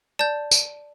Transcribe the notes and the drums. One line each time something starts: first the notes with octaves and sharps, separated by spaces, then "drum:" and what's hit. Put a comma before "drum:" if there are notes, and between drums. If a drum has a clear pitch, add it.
D5 A5 G6
drum: tambourine